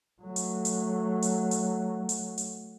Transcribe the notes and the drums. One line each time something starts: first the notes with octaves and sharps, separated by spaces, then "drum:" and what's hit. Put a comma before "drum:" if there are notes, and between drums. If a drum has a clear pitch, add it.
F#3 A3
drum: hi-hat
drum: hi-hat
drum: hi-hat
drum: hi-hat
drum: hi-hat
drum: hi-hat